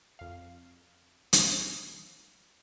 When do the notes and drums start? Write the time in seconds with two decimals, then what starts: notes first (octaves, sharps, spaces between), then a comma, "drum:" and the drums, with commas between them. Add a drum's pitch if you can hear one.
0.19 F2 F5
1.33 drum: hi-hat